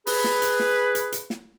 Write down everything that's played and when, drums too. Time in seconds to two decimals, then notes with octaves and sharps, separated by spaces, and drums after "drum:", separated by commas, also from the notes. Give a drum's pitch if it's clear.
0.07 G#4 B4, drum: open hi-hat
0.24 drum: snare
0.42 drum: hi-hat
0.60 drum: snare
0.95 drum: hi-hat
1.12 drum: hi-hat
1.30 drum: snare